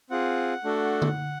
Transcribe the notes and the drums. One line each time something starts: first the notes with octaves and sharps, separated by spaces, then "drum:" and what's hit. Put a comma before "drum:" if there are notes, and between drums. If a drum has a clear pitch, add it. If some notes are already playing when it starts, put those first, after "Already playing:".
C4 F4 G#4 F#5
A3 D4 F#4 A4
drum: tom D3